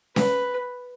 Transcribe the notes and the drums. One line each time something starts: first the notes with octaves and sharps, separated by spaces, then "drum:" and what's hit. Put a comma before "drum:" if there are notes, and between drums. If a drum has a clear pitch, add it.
B4, drum: snare C#4